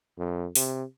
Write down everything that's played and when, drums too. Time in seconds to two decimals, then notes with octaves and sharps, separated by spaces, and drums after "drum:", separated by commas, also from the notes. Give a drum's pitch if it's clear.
0.18 F2
0.55 C3, drum: open hi-hat